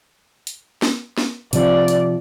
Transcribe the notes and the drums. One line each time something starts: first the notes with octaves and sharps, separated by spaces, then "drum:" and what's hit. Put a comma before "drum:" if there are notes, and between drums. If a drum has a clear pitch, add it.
drum: hi-hat
drum: snare
drum: snare
C3 F3 D5, drum: hi-hat
drum: hi-hat